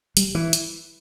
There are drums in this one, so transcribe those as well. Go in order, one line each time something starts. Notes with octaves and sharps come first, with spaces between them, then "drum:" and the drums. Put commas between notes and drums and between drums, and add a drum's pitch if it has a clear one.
G3, drum: hi-hat
E3
drum: hi-hat